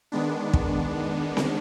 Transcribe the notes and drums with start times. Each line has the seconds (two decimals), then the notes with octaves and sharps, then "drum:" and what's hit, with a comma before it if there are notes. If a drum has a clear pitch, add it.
0.12 D#3 G#3 B3 D4
0.53 drum: kick
1.37 drum: snare C4